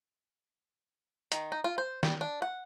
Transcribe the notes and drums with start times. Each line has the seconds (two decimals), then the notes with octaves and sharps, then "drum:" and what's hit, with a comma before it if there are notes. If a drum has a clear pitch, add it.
1.32 D#3, drum: hi-hat
1.52 D#4
1.64 F4
1.78 C5
2.03 G3, drum: snare
2.21 D4
2.42 F#5